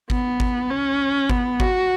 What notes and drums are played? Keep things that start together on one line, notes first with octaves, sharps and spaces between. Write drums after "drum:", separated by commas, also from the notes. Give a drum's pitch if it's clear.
B3, drum: kick G#1
drum: kick G#1
C#4
B3, drum: kick G#1
F#4, drum: kick G#1